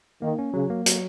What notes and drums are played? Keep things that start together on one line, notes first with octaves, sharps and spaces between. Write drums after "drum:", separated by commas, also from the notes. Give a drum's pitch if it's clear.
D#3 A#3
C#4
C#3 F#3
A#3
F#3, drum: hi-hat